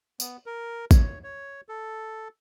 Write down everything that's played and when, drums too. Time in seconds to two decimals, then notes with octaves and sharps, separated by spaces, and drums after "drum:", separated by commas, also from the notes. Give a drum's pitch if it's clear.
0.20 B3, drum: tambourine
0.46 A#4
0.91 C#5, drum: kick A1, tambourine
1.23 C#5
1.69 A4